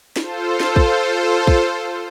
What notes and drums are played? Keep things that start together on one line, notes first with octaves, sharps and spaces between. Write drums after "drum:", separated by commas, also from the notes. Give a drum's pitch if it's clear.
F4 A4 C5, drum: snare
drum: snare
drum: kick
drum: kick